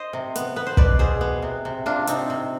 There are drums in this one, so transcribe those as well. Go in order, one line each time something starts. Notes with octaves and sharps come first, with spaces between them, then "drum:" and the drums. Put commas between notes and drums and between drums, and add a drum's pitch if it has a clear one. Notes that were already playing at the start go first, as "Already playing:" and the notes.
Already playing: C5 D#5
C3
B3, drum: hi-hat
B3 B4
C5
B2 B4 D5, drum: kick
B2 G#4 C5
B3
C3
C3
C3 D4 F4
C3 C4 D#4, drum: hi-hat
C3